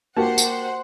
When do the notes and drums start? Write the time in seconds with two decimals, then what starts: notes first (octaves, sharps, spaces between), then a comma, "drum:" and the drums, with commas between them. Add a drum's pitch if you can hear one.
0.17 A#3 F#4 G4 C5 F#5 A5
0.38 drum: tambourine